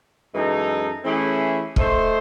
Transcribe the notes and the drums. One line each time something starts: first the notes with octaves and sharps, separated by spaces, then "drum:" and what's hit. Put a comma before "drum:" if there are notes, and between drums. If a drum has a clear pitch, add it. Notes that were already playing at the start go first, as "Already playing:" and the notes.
F#2 E3 G#3 D#4 A4
E3 A3 C#4 E4 G#4
A3 D#4 A4 C5, drum: kick